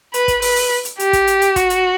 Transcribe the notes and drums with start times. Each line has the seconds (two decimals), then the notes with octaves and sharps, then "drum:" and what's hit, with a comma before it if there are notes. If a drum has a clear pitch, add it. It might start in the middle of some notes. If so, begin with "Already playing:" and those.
0.14 B4, drum: hi-hat
0.28 drum: kick, hi-hat
0.42 B4, drum: open hi-hat
0.56 drum: open hi-hat
0.85 drum: hi-hat
0.99 G4, drum: hi-hat
1.13 drum: kick, hi-hat
1.27 drum: hi-hat
1.42 drum: hi-hat
1.56 F#4, drum: kick, hi-hat
1.70 drum: hi-hat